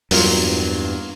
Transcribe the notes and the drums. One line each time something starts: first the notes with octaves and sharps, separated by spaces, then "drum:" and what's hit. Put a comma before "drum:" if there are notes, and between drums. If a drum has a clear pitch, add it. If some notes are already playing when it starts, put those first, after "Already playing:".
E2 G2 F#3 A#3 F4, drum: open hi-hat